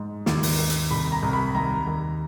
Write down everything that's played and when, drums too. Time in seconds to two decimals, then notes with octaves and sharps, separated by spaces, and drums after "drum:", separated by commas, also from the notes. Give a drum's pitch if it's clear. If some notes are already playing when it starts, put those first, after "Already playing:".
Already playing: G#2
0.26 D#2, drum: snare
0.43 drum: open hi-hat
0.58 D#2
0.70 drum: hi-hat
0.91 C2 B5
1.12 A#5
1.23 C2
1.33 B5
1.55 D#2 A#5
1.87 D#2